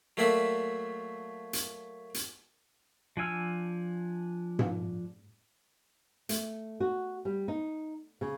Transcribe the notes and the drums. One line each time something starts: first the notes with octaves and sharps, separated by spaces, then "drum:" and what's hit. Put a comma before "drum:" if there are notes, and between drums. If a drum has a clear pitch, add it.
F#3 A3 A#3 D5 E5
drum: hi-hat
drum: hi-hat
F3 D4 G#5 E6 F6
drum: tom G#2
A3, drum: hi-hat
F#4
G3
D#4
C#3